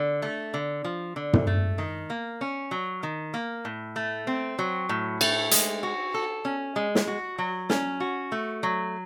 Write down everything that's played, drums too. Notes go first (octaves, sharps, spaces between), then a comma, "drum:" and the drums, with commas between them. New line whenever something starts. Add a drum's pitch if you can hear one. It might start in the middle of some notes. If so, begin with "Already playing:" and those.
Already playing: D3
A3
D3
F3
D3
drum: tom
A3
D#3
A#3
C#4
F#3
D#3
A#3
A2
A3
C4
F#3
A2
A3, drum: cymbal
G#3, drum: hi-hat
F#4
A4
C#4
G#3
drum: snare
F#4
F#3
C#4, drum: snare
F#4
A3
F#3